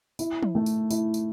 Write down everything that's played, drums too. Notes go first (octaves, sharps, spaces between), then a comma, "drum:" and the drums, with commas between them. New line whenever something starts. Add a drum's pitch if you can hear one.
E4, drum: tambourine
drum: tom
A3
drum: tambourine
E4, drum: tambourine
drum: tambourine